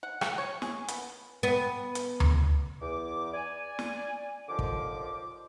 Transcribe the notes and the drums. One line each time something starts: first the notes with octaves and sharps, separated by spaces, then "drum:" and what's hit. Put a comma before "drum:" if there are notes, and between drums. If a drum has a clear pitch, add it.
F#5
F#4, drum: rim click
C#5
G#4, drum: snare
B3, drum: hi-hat
B3
drum: hi-hat
drum: tom D2
E2 D6
D5 G#5
drum: snare
D#2 D3 F3 D6
drum: kick